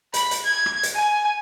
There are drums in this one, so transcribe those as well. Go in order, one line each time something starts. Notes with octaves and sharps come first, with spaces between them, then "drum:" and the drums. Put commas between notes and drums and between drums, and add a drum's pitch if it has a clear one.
B5, drum: hi-hat
drum: hi-hat
G#6
drum: rim click
drum: hi-hat
G#5